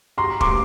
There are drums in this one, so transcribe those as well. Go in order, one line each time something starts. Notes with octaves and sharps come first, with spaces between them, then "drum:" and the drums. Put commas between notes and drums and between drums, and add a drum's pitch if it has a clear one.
A#5 C6
C6 D6, drum: kick